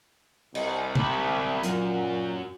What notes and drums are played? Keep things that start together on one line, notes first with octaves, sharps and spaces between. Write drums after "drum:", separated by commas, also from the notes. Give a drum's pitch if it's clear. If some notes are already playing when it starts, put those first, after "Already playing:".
C2, drum: cymbal
E4 G4, drum: tom
F#2 A#2, drum: hi-hat